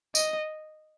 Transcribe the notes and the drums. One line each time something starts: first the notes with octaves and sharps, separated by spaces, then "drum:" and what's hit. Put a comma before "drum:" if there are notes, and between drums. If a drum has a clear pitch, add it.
D#5, drum: tambourine